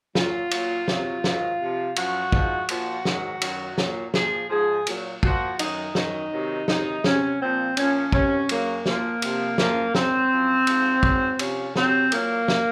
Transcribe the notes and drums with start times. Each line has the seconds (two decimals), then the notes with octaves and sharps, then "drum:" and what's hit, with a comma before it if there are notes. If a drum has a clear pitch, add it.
0.15 A#2 F#3 F4, drum: snare
0.51 A#2 F#3, drum: cymbal
0.88 C3 F#3 F4, drum: snare
1.24 G#2 D#3 F#3, drum: snare
1.60 C3 F3
1.96 F#2 F3 F#4, drum: cymbal
2.32 G#2 F3, drum: kick
2.69 A#2 F3 F#4, drum: cymbal
3.05 G#2 D#3 F#3, drum: snare
3.42 F#2 D#3 F#3, drum: cymbal
3.78 A#2 F#3, drum: snare
4.14 A#2 F3 G#4, drum: snare
4.50 G#2 F3 G#4
4.87 A#2 F#3, drum: cymbal
5.23 A#2 F3 F#4, drum: kick
5.59 F#2 D#3 F#3 D#4, drum: cymbal
5.95 F#2 D#3 F#3 D#4, drum: snare
6.32 C3 D#3 F#3
6.68 C3 D#3 F#3 D#4, drum: snare
7.04 C3 F#3 C#4, drum: snare
7.41 A#2 F3 C4
7.77 A#2 F3 C#4, drum: cymbal
8.12 C3 D#3 F#3 C#4, drum: kick
8.49 F#2 C#3 F#3 A#3, drum: cymbal
8.86 A#2 F3 A#3, drum: snare
9.22 C3 F3, drum: cymbal
9.58 F#2 C#3 F3 A#3, drum: snare
9.95 G#2 D#3 F#3 C4, drum: snare
10.31 F#2 F3
10.67 G#2 F3, drum: cymbal
11.03 G#2 F#3, drum: kick
11.39 C3 F3 C#4, drum: cymbal
11.76 C3 F#3 C4, drum: snare
12.12 A#2 F#3 A#3, drum: cymbal
12.48 drum: snare